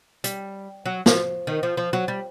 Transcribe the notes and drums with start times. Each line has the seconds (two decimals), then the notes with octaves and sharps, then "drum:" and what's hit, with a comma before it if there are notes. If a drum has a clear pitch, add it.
0.24 G3, drum: hi-hat
0.86 F#3
1.06 F3, drum: snare
1.47 D#3
1.63 F3
1.77 F3
1.93 F#3
2.08 G3